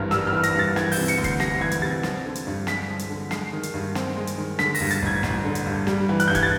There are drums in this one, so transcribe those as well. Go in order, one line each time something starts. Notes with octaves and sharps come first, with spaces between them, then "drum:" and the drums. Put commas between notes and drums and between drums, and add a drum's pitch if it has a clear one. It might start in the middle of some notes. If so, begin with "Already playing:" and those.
Already playing: G#1 G2 E3 F6
G3 E6, drum: snare
F6
E3
A#6, drum: hi-hat
G2 A6
E3 G#6, drum: snare
G6, drum: open hi-hat
C3
C#7, drum: hi-hat
D2
C7, drum: kick F1, hi-hat
G3 A#6, drum: snare
E3 G#6
drum: hi-hat
C3 A6
F3, drum: snare
D3
drum: hi-hat
G2
G#3 B6, drum: snare
F3
drum: hi-hat
D3
G#3 C7, drum: snare
D#3
drum: hi-hat
G2
C4, drum: snare
G#3
drum: hi-hat
D#3
D3 B6, drum: snare
A#6, drum: open hi-hat
G2
A6, drum: hi-hat
A1 G#6
A1, drum: snare
D3
drum: hi-hat
G2
G3, drum: snare
E3
F#6, drum: hi-hat
G2 G6
G#6, drum: kick F1, hi-hat
A6